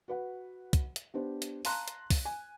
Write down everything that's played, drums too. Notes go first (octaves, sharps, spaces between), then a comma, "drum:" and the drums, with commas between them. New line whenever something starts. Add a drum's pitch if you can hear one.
F#4 B4 F#5
drum: kick, hi-hat
drum: hi-hat
B3 D4 G4 C5
drum: hi-hat
F5 A5 A#5 C6 F#6, drum: open hi-hat
drum: hi-hat
drum: kick, open hi-hat
G#5